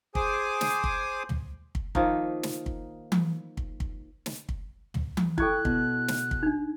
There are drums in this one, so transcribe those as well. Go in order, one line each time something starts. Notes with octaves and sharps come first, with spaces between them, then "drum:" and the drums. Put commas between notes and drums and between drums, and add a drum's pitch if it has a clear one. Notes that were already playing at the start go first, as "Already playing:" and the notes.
G#4 C5 G#5 D6 D#6, drum: kick
drum: snare
drum: kick
drum: tom
drum: kick
D#3 F3 A#3 D#4, drum: kick
drum: snare
drum: kick
drum: tom E3
drum: kick
drum: kick
drum: snare
drum: kick
drum: tom
drum: tom E3
E4 A4 G5 C#6 F#6 G#6, drum: kick
B2, drum: kick
drum: snare
drum: kick
D4 D#4